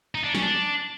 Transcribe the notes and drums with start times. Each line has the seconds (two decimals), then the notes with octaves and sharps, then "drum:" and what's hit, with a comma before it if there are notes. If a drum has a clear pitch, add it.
0.15 D#4
0.24 D4
0.35 C#4, drum: snare
0.43 D4